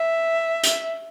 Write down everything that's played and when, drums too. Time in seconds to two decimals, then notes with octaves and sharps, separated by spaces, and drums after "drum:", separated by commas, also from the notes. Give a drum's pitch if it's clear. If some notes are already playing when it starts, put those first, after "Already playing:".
Already playing: E5
0.63 drum: hi-hat